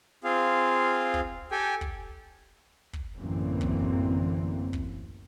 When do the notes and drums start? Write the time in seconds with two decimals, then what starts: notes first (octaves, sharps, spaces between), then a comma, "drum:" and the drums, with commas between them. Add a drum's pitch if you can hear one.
0.24 C4 F4 G#4 F5
1.14 drum: kick
1.51 G4 A4 G5 G#5
1.81 drum: kick
2.93 drum: kick
3.17 A1 F#2 D3 E3 A#3 C4
3.61 drum: kick
4.73 drum: kick